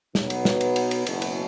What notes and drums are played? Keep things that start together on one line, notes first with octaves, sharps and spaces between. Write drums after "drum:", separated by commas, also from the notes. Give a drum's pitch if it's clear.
B1 B2 F#3 B3, drum: snare
drum: cymbal
drum: snare
drum: cymbal
drum: cymbal
drum: cymbal
F#1 E2 B2, drum: cymbal
drum: cymbal